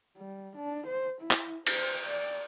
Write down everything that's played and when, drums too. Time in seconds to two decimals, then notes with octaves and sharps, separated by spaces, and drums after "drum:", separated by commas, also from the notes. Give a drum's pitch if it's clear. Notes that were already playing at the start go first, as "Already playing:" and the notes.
0.17 G3
0.57 D4
0.87 C5
1.21 E4
1.31 drum: clap
1.67 C5, drum: cymbal
2.06 D5